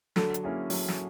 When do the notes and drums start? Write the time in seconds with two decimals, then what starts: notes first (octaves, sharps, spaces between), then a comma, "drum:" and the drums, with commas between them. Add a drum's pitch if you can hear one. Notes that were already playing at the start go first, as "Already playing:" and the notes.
0.16 D3 F#3, drum: snare
0.34 drum: hi-hat
0.43 A#3 C#4 E4 G#4
0.70 F#3, drum: open hi-hat
0.88 drum: snare